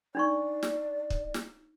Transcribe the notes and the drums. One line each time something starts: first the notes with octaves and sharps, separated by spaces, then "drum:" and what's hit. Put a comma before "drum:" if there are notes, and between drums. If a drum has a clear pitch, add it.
D4 D#4 D5 C#6
drum: snare
drum: kick
drum: snare